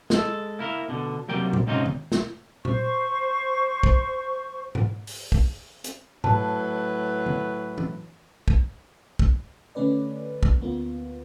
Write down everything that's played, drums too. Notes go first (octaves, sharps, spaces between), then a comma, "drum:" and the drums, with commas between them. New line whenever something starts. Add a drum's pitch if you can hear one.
G#3 A4, drum: snare
A#3 E4 A#4
B2 D3
C3 F#3 G3 A#3 G5
drum: tom A#2
G#2 C3 C4 C#4 D#4 F4
drum: tom D#3
drum: snare
C5 C#6, drum: tom A#2
drum: kick
drum: tom G#2
drum: open hi-hat
drum: kick
drum: hi-hat
A2 F#3 B4 A5, drum: tom G#2
drum: tom D#3
drum: tom
drum: kick
drum: kick
D3 A3 C#4 B4 D5
drum: kick
D2 A#3 B3 F4